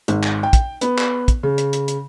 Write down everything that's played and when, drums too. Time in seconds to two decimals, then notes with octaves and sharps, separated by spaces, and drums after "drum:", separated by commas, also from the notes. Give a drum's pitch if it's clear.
0.08 G#1, drum: hi-hat
0.23 drum: clap
0.43 G5
0.53 drum: kick, hi-hat
0.81 B3, drum: hi-hat
0.98 drum: clap
1.28 drum: kick, hi-hat
1.43 C#3
1.58 drum: hi-hat
1.73 drum: hi-hat
1.88 drum: hi-hat